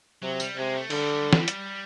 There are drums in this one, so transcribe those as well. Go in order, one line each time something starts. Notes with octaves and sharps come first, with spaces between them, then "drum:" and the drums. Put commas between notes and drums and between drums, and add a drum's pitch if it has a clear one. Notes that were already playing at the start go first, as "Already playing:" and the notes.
C3 F#3
G3, drum: tambourine
C3 G#3
A3
D3 G3, drum: cymbal
drum: snare
drum: hi-hat